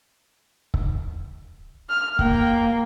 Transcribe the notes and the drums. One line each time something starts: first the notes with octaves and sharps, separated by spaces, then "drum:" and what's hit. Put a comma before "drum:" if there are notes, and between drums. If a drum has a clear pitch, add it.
drum: kick C#1
F6
A#3 G5, drum: kick C#1